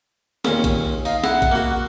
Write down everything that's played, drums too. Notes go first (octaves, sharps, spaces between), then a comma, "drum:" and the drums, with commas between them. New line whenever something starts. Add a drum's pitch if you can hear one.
D#2 A#2 C#4, drum: snare
drum: kick, hi-hat
D#4 F5, drum: open hi-hat
E4 F#5, drum: snare
drum: kick, hi-hat
A#3 F#4